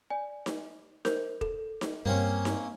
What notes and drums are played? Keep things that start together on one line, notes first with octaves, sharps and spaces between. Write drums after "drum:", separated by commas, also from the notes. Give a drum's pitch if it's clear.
D5 G#5
drum: snare D#4
A#4 C5 G6, drum: snare D#4
A4, drum: kick F1
drum: snare D#4
G2 A#3 C4 C#4
drum: snare D#4